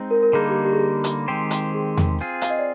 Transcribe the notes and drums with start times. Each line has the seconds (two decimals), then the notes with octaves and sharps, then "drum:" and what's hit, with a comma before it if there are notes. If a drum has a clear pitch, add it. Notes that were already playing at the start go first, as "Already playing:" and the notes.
Already playing: G#3 C4 D#4
0.11 A#4
0.23 A#4
0.33 D3 G3 A#3 D#4 G#4
0.50 G4
0.65 G4
0.73 G#4
0.80 G4
1.04 drum: hi-hat
1.28 D#3 G#3 C4 G4 C5
1.51 drum: hi-hat
1.74 G#4
1.97 drum: tom E2
2.21 C4 F4 G#4
2.42 F5, drum: hi-hat
2.50 D#5
2.59 D5